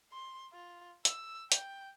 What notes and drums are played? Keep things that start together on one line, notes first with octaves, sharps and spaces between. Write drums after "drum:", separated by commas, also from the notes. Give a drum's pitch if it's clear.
C6
F4
E6, drum: hi-hat
G5, drum: hi-hat